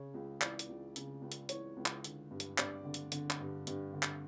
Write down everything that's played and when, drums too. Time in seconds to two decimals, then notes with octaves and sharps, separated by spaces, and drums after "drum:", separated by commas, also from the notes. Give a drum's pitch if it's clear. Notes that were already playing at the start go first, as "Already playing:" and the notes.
Already playing: C#3 C#5
0.14 C#2
0.41 E3 D5, drum: clap
0.59 drum: hi-hat
0.69 C#2
0.96 C#3, drum: hi-hat
1.22 C#2
1.32 drum: hi-hat
1.49 E3 C#5, drum: hi-hat
1.77 C#2
1.86 drum: clap
2.04 D3, drum: hi-hat
2.31 G2
2.40 drum: hi-hat
2.58 G2 D5, drum: clap
2.85 D3
2.94 drum: hi-hat
3.12 D3, drum: hi-hat
3.30 drum: clap
3.40 G2
3.67 G2, drum: hi-hat
3.93 D3
4.03 drum: clap